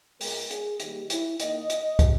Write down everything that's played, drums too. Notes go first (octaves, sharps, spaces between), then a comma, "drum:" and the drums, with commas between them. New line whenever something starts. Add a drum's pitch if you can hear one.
A#2 G#3 B3 A#4, drum: open hi-hat
G#4, drum: hi-hat
D#3 G3 A#3 G4, drum: hi-hat
E4, drum: hi-hat
D#3 A#3 D#5, drum: hi-hat
D#5, drum: hi-hat
drum: kick, hi-hat